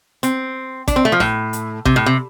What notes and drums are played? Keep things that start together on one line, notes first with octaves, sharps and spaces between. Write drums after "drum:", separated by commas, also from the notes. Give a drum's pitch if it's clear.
C4, drum: hi-hat
D4, drum: kick A1, hi-hat
C4
A3
F3
A2, drum: snare
drum: hi-hat
C3, drum: kick A1
A2
C3